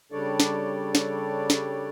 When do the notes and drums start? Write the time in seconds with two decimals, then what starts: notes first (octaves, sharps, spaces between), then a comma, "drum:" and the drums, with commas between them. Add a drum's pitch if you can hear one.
0.12 C#3 G3 D4 A4 C#5 D5
0.40 drum: snare
0.95 drum: snare
1.50 drum: snare